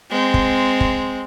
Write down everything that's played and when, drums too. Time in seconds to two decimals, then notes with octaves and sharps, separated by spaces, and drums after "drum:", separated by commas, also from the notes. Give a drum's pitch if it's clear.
0.11 G#3 C4
0.34 drum: kick
0.81 drum: kick